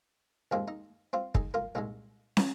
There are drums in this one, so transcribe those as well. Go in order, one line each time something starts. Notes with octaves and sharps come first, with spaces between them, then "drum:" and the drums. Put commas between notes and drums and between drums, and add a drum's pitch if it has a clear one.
D#2 D#3 G#3 C4 F4
D#4
C4 F4
D#4 G#4, drum: kick
F4 A#4
C2 A#2 G#3 D#4
drum: snare